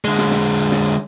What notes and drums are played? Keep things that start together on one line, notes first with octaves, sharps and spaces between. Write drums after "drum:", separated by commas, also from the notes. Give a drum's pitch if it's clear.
D3 G#3, drum: hi-hat
drum: snare
drum: snare
drum: hi-hat
drum: hi-hat
drum: snare
drum: hi-hat